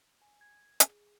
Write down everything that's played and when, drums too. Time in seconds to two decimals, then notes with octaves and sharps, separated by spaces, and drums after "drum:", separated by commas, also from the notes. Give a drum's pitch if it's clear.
0.22 G#5
0.41 G#6
0.80 G#4, drum: hi-hat